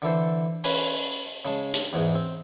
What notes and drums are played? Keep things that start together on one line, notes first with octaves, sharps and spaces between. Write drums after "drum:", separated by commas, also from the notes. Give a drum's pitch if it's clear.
D3 E3 A4 C5
C#4 B4 G#5 C6, drum: open hi-hat
C#3 G#3 A5
drum: hi-hat
E2 G#2 G#3
C4